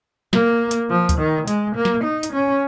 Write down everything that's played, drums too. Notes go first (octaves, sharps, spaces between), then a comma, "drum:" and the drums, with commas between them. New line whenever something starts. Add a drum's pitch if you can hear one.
A#3, drum: snare
drum: hi-hat
F3
drum: kick D2, hi-hat
D#3
G#3, drum: hi-hat
A#3
drum: snare
D#4
drum: hi-hat
C#4